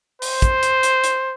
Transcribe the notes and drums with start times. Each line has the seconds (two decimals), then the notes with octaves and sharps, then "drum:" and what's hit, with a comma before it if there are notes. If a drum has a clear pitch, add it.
0.22 C5, drum: open hi-hat
0.42 drum: kick, hi-hat
0.63 drum: hi-hat
0.83 drum: hi-hat
1.04 drum: hi-hat